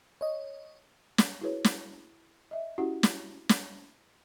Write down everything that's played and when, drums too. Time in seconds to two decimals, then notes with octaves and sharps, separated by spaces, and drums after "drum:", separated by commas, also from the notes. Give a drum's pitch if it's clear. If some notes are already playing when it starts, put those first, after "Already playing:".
0.21 C#5 D#5
1.18 drum: snare
1.41 E4 F#4 G#4 B4 C#5
1.64 drum: snare
2.51 D#5 E5
2.78 C#4 E4 F#4 G4 F#5
3.03 drum: snare
3.49 drum: snare